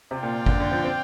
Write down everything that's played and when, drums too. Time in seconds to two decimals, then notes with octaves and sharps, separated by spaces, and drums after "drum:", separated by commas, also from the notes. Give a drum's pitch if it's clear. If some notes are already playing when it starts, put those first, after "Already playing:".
0.11 C3 F4 D5 G5
0.23 A#2
0.46 D3, drum: kick G1
0.60 D3
0.71 F3
0.84 C4